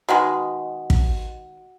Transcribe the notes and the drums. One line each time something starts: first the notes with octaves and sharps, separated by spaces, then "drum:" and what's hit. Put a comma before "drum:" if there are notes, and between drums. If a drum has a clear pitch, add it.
B2 D#3 G#3 F#4 F#5
drum: kick